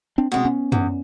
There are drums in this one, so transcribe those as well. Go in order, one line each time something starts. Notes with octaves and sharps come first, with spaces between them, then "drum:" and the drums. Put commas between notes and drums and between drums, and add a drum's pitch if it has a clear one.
C4 D4
B2 G#3 C4
B3 C#4
E2, drum: tom F#2